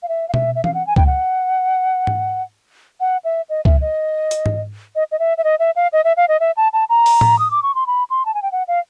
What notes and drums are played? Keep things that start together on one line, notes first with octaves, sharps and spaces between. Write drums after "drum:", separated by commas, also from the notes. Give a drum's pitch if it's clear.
F5
E5
F5
E5, drum: tom B2
E5
F5, drum: tom E3
F#5
G#5
G5, drum: kick C#2
F#5
drum: tom G#2
F#5
E5
D#5
E5, drum: kick C#2
D#5
drum: hi-hat
drum: tom G#2
D#5
D#5
E5
E5
D#5
E5
F5
D#5
E5
F5
D#5
E5
A5
A5
A#5
drum: open hi-hat
drum: tom A2
D#6
D6
C#6
C6
B5
C6
A5
G#5
G5
F#5
F5